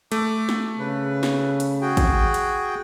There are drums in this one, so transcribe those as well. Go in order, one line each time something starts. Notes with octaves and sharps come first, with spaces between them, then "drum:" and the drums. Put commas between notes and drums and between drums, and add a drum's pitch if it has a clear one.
A3 D6, drum: hi-hat
drum: snare
C#3 B4
drum: snare
drum: hi-hat
F#4 G#4 G5
drum: kick, hi-hat
drum: hi-hat